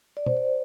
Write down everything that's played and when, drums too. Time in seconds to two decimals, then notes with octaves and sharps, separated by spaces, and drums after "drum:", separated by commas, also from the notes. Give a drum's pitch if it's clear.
0.17 D5
0.26 C5, drum: tom
0.37 D5